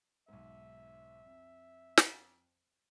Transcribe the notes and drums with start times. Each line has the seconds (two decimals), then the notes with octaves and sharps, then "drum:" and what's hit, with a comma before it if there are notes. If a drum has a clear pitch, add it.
0.28 B1 G#2 E5
1.25 F2
1.97 drum: snare